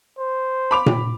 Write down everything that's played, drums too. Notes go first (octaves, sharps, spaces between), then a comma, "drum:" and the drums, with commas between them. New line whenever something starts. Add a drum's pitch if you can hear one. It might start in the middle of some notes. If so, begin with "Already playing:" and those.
C5
B5 D6 F7
drum: tom A#2